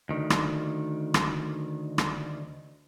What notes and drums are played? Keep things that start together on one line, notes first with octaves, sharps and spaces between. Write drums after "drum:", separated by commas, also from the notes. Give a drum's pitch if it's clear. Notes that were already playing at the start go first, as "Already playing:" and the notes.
D2 D#3
drum: rim click
drum: rim click
drum: rim click